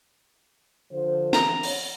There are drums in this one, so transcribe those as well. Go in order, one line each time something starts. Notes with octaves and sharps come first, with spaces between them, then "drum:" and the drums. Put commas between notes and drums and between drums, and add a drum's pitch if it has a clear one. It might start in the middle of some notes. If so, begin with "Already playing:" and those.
D3 F3 C5
A#5, drum: snare
C#5, drum: open hi-hat